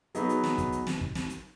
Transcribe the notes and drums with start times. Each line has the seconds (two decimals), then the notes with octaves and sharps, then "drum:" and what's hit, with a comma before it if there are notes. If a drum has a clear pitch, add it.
0.15 F#3 B3 D#4 G#4, drum: hi-hat
0.29 drum: hi-hat
0.44 drum: snare
0.58 drum: kick, hi-hat
0.72 drum: hi-hat
0.87 drum: snare
1.01 drum: kick
1.15 drum: snare
1.30 drum: hi-hat